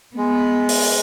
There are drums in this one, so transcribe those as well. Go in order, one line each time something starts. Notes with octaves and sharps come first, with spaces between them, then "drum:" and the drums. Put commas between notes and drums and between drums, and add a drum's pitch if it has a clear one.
G#3 B3
drum: open hi-hat